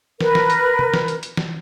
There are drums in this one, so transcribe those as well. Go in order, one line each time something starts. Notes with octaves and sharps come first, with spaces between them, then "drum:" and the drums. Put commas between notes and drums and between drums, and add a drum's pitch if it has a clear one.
A#4 B4, drum: snare
drum: snare
drum: hi-hat
drum: tom C3
drum: snare
drum: hi-hat
drum: hi-hat
drum: snare